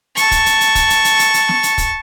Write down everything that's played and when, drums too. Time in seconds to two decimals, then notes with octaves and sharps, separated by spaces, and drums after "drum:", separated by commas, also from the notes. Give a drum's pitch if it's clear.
0.17 A5 C#6, drum: hi-hat
0.31 drum: kick, hi-hat
0.46 drum: hi-hat
0.61 drum: hi-hat
0.75 drum: kick, hi-hat
0.90 drum: hi-hat
1.05 drum: hi-hat
1.19 drum: hi-hat
1.34 drum: hi-hat
1.48 drum: snare
1.63 drum: hi-hat
1.78 drum: kick, hi-hat